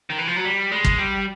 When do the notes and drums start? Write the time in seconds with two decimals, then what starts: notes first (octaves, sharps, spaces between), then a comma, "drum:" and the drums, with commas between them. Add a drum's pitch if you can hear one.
0.10 D#3
0.19 E3
0.27 F3
0.36 F#3
0.45 G3
0.72 G#3
0.84 drum: kick
0.98 G3